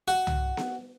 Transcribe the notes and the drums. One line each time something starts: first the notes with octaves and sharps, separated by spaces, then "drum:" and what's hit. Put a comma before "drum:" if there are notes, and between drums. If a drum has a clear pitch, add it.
F#4
drum: tom
drum: snare B3